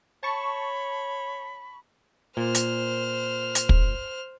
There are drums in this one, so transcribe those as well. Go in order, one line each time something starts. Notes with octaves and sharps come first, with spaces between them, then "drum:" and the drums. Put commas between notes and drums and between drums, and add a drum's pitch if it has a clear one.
C#5 A5 B5 C#6
A#2 C5 F6
drum: hi-hat
drum: hi-hat
drum: kick